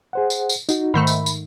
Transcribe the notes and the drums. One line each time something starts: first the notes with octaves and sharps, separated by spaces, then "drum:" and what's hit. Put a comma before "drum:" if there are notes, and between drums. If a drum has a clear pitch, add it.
G#4 C5 F#5
drum: tambourine
drum: tambourine
D#4 F#4, drum: tambourine
G#2 D#3 A3 B5
drum: tambourine
drum: tambourine